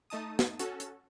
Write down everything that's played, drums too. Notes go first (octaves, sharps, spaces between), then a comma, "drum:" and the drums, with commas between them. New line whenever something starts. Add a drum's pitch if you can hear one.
A3 D#4 A5 D#6
drum: snare
C#4 F#4 A4, drum: hi-hat
drum: hi-hat